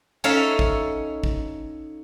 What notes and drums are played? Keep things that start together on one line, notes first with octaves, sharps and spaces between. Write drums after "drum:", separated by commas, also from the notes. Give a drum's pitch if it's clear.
C#4 D#4 A4 C#5 E5 F5
drum: kick A1
drum: kick A1